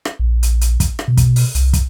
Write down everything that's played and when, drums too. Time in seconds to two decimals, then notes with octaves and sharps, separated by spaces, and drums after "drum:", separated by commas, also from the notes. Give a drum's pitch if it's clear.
0.05 drum: rim click
0.19 A#1
0.43 drum: hi-hat
0.61 drum: hi-hat
0.80 drum: kick, hi-hat
0.99 drum: rim click
1.08 B2
1.17 drum: kick, hi-hat
1.36 drum: open hi-hat
1.55 C2, drum: hi-hat
1.73 drum: kick, hi-hat